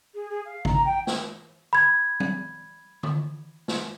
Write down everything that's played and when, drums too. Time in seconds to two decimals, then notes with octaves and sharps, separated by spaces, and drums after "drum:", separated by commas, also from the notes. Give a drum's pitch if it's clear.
0.14 G#4
0.29 G#4
0.45 F5
0.65 A#5, drum: kick
0.85 G5
1.07 drum: snare
1.73 B5 G#6
2.20 drum: tom F#3
3.03 drum: tom D3
3.68 drum: snare